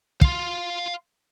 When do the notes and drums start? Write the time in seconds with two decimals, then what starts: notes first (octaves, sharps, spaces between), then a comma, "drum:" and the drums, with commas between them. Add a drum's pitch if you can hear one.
0.21 F5 C6, drum: kick